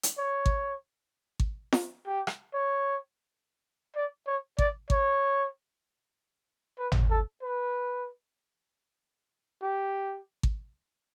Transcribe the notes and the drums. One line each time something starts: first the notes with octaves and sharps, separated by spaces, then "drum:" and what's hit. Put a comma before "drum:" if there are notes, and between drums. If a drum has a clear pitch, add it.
drum: hi-hat
C#5
drum: kick G#1
drum: kick G#1
drum: snare
G4
drum: rim click
C#5
D5
C#5
D5, drum: kick G#1
C#5, drum: kick G#1
B4
drum: tom G#1
A4
B4
G4
drum: kick G#1